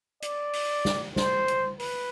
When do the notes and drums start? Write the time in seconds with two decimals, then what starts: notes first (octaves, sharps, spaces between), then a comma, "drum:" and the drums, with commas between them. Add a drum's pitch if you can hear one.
0.22 D5, drum: hi-hat
0.53 drum: open hi-hat
0.85 drum: snare
1.16 C5, drum: snare
1.48 drum: hi-hat
1.79 B4, drum: open hi-hat